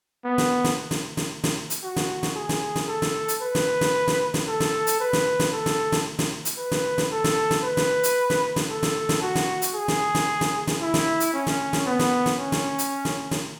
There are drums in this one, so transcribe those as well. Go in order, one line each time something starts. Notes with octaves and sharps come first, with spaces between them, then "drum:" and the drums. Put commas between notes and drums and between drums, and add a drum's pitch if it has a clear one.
B3
drum: snare
drum: snare
drum: snare
drum: snare
drum: snare
drum: hi-hat
F#4
drum: snare
drum: snare
G#4
drum: snare
drum: snare
A4
drum: snare
drum: hi-hat
B4
drum: snare
drum: snare
drum: snare
drum: snare
A4
drum: snare
drum: hi-hat
B4
drum: snare
drum: snare
A4
drum: snare
drum: snare
drum: snare
drum: hi-hat
B4
drum: snare
drum: snare
A4
drum: snare
drum: snare
B4
drum: snare
drum: hi-hat
drum: snare
drum: snare
A4
drum: snare
drum: snare
F#4
drum: snare
drum: hi-hat
G#4
drum: snare
drum: snare
drum: snare
drum: snare
E4
drum: snare
drum: hi-hat
C#4
drum: snare
drum: snare
B3
drum: snare
drum: snare
C#4
drum: snare
drum: hi-hat
drum: snare
drum: snare